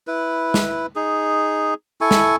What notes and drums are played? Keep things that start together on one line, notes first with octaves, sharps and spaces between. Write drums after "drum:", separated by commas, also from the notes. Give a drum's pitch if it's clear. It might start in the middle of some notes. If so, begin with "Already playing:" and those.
E4 B4
drum: snare
D#4 G#4
E4 A4 G#5 C#6
drum: snare